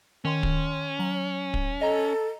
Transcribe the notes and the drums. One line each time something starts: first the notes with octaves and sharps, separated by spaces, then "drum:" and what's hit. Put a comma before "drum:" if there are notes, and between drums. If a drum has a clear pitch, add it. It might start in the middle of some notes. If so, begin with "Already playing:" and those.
D#3 C#4 C6
drum: kick
F#3 F#7
drum: kick
A4 D#5 A#5